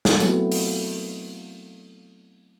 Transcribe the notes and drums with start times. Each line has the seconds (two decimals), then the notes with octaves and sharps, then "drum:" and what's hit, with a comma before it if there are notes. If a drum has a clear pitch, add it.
0.05 drum: snare
0.20 F#3 A3 B3 C4 E4, drum: tambourine
0.52 drum: open hi-hat